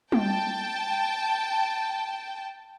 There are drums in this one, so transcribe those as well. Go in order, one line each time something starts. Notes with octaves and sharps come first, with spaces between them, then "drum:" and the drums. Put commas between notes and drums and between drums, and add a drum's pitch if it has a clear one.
G5 A5, drum: tom G3